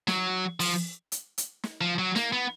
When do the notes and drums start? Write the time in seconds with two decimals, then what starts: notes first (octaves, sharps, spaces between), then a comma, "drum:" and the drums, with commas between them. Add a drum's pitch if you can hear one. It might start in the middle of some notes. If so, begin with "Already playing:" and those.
0.08 F#3, drum: snare
0.60 F3, drum: open hi-hat
1.12 drum: hi-hat
1.38 drum: hi-hat
1.63 drum: snare
1.81 F3
1.99 F#3
2.16 A#3, drum: snare
2.33 B3